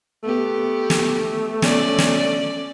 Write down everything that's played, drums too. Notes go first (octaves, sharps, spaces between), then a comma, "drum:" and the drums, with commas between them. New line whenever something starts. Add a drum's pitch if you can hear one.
A3 B3 G4
drum: snare
C#4 D5, drum: snare
drum: snare